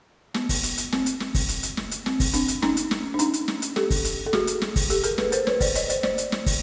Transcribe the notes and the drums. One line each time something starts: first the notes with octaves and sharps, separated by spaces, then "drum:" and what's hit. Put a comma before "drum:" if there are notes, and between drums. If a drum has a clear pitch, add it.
B3, drum: snare
drum: kick, open hi-hat
drum: hi-hat
drum: hi-hat
C4, drum: snare
drum: hi-hat
drum: snare
drum: kick, open hi-hat
drum: hi-hat
drum: hi-hat
drum: snare
drum: hi-hat
C4, drum: snare
drum: kick, open hi-hat
C4 D4, drum: hi-hat
drum: hi-hat
C#4 D#4, drum: snare
drum: hi-hat
drum: snare
D4
C#4 D#4, drum: hi-hat
drum: hi-hat
drum: snare
drum: hi-hat
G4 A4, drum: snare
drum: kick, open hi-hat
drum: hi-hat
A4
F#4 G#4, drum: snare
drum: hi-hat
drum: snare
drum: kick, open hi-hat
G4 A4, drum: hi-hat
G#4 A#4, drum: hi-hat
A4 B4, drum: snare
A#4 C5, drum: hi-hat
B4 C#5, drum: snare
C5 D5, drum: kick, open hi-hat
C#5 D#5, drum: hi-hat
C5 D5, drum: hi-hat
C5 D5, drum: snare
drum: hi-hat
drum: snare
drum: kick, open hi-hat